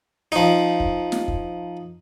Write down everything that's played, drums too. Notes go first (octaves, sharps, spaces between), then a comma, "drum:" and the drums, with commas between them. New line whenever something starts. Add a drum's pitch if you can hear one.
F3 D#4
drum: kick
drum: snare
drum: kick